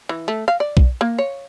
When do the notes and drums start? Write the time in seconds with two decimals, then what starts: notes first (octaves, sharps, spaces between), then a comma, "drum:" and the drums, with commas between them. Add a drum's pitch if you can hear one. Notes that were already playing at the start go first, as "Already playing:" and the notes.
0.09 E3
0.28 A3
0.48 F5
0.60 D5
0.77 drum: kick B1
1.01 A#3
1.19 C#5